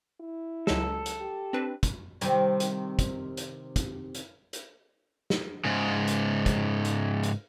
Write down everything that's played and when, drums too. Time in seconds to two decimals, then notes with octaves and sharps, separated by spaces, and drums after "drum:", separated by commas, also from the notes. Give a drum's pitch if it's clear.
0.21 E4
0.67 C#2 F#3 G#3 A4, drum: snare
1.06 drum: hi-hat
1.20 G4
1.53 C4 D4 B4
1.83 drum: kick, hi-hat
2.21 C3 D#3 G3, drum: hi-hat
2.60 drum: hi-hat
2.99 drum: kick, hi-hat
3.37 drum: hi-hat
3.76 drum: kick, hi-hat
4.14 drum: hi-hat
4.53 drum: hi-hat
5.30 drum: snare
5.65 G#2 C#3
6.07 drum: hi-hat
6.46 drum: kick, hi-hat
6.85 drum: hi-hat
7.23 drum: hi-hat